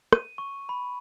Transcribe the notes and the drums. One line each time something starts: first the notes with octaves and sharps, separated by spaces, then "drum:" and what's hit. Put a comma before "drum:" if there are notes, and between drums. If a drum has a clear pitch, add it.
D#7, drum: rim click
C#6
B5